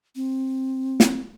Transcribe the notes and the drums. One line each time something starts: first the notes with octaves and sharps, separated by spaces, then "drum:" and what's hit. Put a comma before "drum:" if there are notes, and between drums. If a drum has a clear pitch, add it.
C4
drum: snare